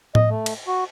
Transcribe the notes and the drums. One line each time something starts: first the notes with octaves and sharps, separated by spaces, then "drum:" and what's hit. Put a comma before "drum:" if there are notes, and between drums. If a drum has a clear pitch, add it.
D#5, drum: tom A2
A3
drum: cymbal
F#4